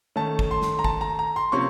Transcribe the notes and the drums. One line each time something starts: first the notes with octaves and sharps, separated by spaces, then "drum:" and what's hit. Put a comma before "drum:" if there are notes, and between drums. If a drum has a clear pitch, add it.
D#3 A3 C#4 A5
drum: kick
C6
drum: snare
A#5
A5, drum: kick
A#5
A#5
C6
C3 F3 A#3 C#4 C#6